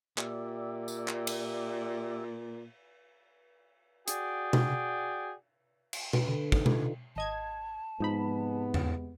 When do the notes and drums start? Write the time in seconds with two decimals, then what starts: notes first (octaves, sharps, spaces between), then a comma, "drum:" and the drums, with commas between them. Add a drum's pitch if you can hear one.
0.18 A#2 G4 D5 E5, drum: clap
0.88 drum: tambourine
1.08 drum: clap
1.27 drum: cymbal
4.08 F#4 G#4 D5 G5, drum: hi-hat
4.53 drum: tom B2
5.93 drum: cymbal
6.13 B4, drum: tom B2
6.29 D3
6.52 D#4, drum: kick
6.66 F4, drum: tom B2
7.16 G#1 D#5 A5 G#6
8.00 G#2 C3 F3 G#3 B3 D#4 B5
8.74 drum: tom E2